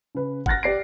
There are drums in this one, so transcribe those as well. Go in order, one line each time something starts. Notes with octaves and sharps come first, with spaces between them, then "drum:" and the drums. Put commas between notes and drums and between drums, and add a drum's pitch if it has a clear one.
C#3 B4
F#5 F6 F#6 A6 A#6, drum: kick F#1
G4 D5 C7 D7